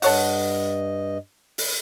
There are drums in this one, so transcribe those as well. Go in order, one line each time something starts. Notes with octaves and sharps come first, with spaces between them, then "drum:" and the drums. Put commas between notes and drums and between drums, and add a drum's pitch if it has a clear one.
G2 A4 C#5 D#5 F#5, drum: open hi-hat
drum: open hi-hat